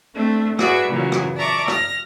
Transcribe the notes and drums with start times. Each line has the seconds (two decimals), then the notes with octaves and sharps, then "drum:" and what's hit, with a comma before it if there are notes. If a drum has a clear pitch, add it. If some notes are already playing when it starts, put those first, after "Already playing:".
0.14 A3 C4 D4
0.59 F#4 G#4 B4 D5 E5, drum: rim click
0.89 A#2 C#3 E3 F#3
1.12 drum: rim click
1.37 D5 E5 A5 A#5 C#6 D6
1.68 F6 A#6, drum: rim click